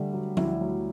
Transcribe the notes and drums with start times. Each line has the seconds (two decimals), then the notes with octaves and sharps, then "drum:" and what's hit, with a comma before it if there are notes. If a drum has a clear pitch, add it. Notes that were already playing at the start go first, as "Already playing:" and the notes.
Already playing: D3 G3 A3
0.13 F#3
0.37 D2 E4, drum: tom F3
0.61 F#3